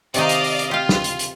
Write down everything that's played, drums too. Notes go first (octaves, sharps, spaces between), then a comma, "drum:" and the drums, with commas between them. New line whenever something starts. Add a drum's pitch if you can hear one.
C3 D#3 D#4 D5 D#5 F5, drum: hi-hat
drum: hi-hat
drum: open hi-hat
drum: hi-hat
F4 G4 F5
drum: snare
drum: hi-hat
drum: hi-hat